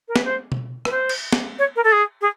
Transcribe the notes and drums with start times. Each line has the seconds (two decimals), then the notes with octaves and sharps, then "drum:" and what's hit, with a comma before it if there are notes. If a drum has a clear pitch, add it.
0.08 A#4
0.16 B4, drum: snare
0.25 C5
0.52 drum: tom B2
0.85 B4, drum: rim click
0.91 C5
1.09 drum: cymbal
1.32 drum: snare
1.59 C#5
1.76 A#4
1.84 A4
1.92 G#4
2.21 G#4